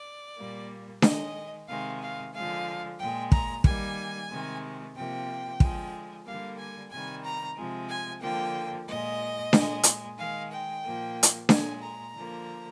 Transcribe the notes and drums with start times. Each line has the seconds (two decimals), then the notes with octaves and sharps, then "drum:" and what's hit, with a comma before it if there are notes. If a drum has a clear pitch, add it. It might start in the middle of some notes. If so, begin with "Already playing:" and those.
Already playing: D5
0.37 A#2 G3 A#3
1.02 D#3 G#3 D#5, drum: snare D4
1.68 C3 D#3 G#3 F5
2.01 F5
2.33 D3 F3 G#3 F5
2.99 A#2 G#3 G5
3.32 A#5, drum: kick
3.64 D#3 G3 A#3 G#5, drum: kick
4.30 C3 D#3 G#3
4.95 C3 F3 A#3 G5
5.60 D3 F3 G#3, drum: kick
6.26 D3 G3 A#3 F5
6.58 G#5
6.91 C3 D#3 G3 G#5
7.24 A#5
7.56 C3 F3 G#3
7.89 G#5
8.22 D3 F3 A#3 G5
8.87 A#2 G#3 D#5
9.53 A#2 G#3, drum: snare D4
9.83 drum: hi-hat
10.18 D#3 G#3 F5
10.51 G5
10.84 A#2 F3 A#3
11.23 drum: hi-hat
11.49 A#2 G#3 G#5, drum: snare D4
11.82 A#5
12.14 D3 F3 A#3